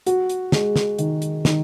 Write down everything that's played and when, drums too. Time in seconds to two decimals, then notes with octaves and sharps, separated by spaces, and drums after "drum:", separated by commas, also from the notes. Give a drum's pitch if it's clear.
0.06 F#4, drum: hi-hat
0.29 drum: hi-hat
0.52 G#3, drum: snare
0.76 drum: snare
0.99 D#3, drum: hi-hat
1.22 drum: hi-hat
1.45 D#3, drum: snare